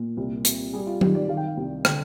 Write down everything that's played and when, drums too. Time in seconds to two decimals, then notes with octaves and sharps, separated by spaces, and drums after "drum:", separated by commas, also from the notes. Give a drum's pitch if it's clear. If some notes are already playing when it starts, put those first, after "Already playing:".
Already playing: A#2
0.17 C2
0.45 C3, drum: hi-hat
0.73 G3 G#4
0.87 F4
1.01 D#3 G4, drum: tom F#3
1.15 D5
1.29 D#3 F5
1.37 G5
1.46 F5
1.57 C2
1.85 D3 G5, drum: rim click